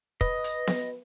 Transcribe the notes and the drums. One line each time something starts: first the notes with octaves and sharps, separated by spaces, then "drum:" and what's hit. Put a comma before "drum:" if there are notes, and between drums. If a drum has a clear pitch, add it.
B4 D#5, drum: kick
drum: hi-hat
drum: snare B3